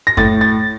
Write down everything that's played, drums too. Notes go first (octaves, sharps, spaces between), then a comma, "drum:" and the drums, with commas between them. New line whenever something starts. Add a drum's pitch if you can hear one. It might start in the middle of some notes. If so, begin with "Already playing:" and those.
A#6
A2 A6, drum: kick F2
A6